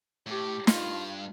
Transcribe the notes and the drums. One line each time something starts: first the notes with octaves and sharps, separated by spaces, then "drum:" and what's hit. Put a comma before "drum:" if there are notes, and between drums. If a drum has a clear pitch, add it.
A2 G4
G2 F4, drum: snare